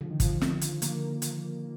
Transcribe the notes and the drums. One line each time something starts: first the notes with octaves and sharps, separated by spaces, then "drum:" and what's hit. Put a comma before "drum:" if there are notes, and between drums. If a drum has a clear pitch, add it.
D3 F3
D#3
F3, drum: kick, hi-hat
D3, drum: snare
drum: hi-hat
D3 A#3, drum: hi-hat
drum: hi-hat